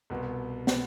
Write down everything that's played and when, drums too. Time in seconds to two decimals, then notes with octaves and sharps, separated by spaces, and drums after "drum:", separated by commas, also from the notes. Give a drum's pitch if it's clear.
0.10 C2 B2 B3
0.67 B2 B3, drum: snare